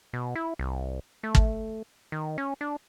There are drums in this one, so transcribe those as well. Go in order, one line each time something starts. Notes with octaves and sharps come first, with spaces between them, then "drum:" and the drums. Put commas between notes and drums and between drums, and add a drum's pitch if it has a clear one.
B2
E4
C2
A3
drum: kick
D#3
C#4
D4